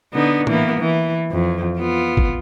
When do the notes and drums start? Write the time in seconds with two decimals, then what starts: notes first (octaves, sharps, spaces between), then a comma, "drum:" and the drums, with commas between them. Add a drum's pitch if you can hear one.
0.13 D3 B3 D#4
0.47 E3 A#3 B3, drum: tom A2
0.79 E3
1.31 F2
1.78 B3 F4
2.17 drum: kick